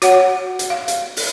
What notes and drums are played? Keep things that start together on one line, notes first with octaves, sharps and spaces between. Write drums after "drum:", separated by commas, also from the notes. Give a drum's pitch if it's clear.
F#4 C#5 F#5, drum: hi-hat
drum: hi-hat
F5
drum: hi-hat
drum: open hi-hat